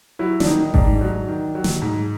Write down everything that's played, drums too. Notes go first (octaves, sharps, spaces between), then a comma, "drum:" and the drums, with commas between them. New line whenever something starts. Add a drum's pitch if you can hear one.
F#3 E4
D4, drum: snare
D#3 D#4
D#4
G#2 D4, drum: kick G#1
F#3
D#3
F#3
drum: snare
G#2